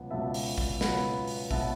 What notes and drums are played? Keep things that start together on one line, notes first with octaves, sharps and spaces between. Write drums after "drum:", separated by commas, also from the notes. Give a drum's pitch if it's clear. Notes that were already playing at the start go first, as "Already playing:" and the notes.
Already playing: C#2 B2 F#3 B3
C#2 B2 F#3 B3 E5 A5
drum: open hi-hat
drum: kick
C#2 B2 F#3 B3 F#5 B5, drum: snare
drum: open hi-hat
B2 F#3 B3 E5 A5, drum: kick